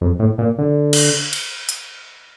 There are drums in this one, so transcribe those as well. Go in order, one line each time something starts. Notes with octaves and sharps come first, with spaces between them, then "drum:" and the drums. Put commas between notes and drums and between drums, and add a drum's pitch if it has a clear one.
F2
A2
A#2
D3
drum: cymbal
drum: cymbal
drum: hi-hat